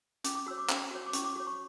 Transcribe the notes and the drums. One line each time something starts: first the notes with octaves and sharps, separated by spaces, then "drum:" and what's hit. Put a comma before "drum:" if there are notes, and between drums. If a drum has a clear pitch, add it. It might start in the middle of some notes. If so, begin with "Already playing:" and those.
C#4 D6, drum: hi-hat
D6
F#4 C#5 E6
D6
C#4, drum: clap
F#4 C#5
D6
C#4 C#6, drum: hi-hat
D6
F#4 C#5 D6
C#6